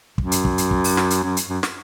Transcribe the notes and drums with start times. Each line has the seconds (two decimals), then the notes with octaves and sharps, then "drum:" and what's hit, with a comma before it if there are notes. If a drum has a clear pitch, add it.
0.18 F#2, drum: kick
0.32 drum: hi-hat
0.45 drum: kick
0.58 drum: hi-hat
0.71 drum: kick
0.84 drum: open hi-hat
0.97 drum: snare
1.10 drum: hi-hat
1.23 F#2
1.37 drum: hi-hat
1.50 F#2
1.63 drum: snare